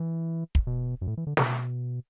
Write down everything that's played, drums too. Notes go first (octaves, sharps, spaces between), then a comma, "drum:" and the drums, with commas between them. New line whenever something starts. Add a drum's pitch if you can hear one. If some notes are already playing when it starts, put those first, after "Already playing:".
Already playing: E3
drum: kick
B2
F#2
A2
E3
D3
B2, drum: snare